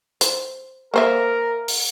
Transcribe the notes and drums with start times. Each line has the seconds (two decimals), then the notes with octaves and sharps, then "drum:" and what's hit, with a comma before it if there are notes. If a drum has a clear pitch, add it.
0.21 C5, drum: hi-hat
0.94 A#3 A#4 C5 E5
1.68 drum: open hi-hat